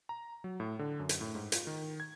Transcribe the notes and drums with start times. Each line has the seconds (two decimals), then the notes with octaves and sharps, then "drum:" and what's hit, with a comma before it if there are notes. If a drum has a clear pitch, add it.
0.09 A#5
0.44 F#3
0.60 A2
0.79 D3
0.99 F#2
1.09 drum: hi-hat
1.21 A2
1.35 G#2
1.52 F4, drum: hi-hat
1.67 D#3
2.00 G#6